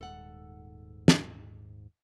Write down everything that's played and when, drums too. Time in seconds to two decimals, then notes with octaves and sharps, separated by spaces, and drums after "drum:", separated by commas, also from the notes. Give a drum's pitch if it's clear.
0.01 D#1 G#2 A4 F#5
1.08 drum: snare